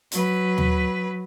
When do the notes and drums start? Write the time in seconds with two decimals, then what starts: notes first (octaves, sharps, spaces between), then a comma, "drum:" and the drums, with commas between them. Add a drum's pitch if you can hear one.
0.12 F#3 B4, drum: hi-hat
0.58 drum: tom D#2